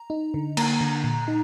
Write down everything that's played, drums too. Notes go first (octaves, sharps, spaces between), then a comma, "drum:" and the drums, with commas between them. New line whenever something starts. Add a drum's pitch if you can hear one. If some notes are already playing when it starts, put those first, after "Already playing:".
Already playing: A#5
D#4
D3
A#3 A#5, drum: cymbal
D3
A#2
D#4